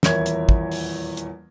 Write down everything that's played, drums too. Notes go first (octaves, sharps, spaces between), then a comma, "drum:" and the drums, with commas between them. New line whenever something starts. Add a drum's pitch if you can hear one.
D#1 E2 E4 A#4 C#5 G#6, drum: snare
drum: hi-hat
drum: kick
drum: open hi-hat
drum: hi-hat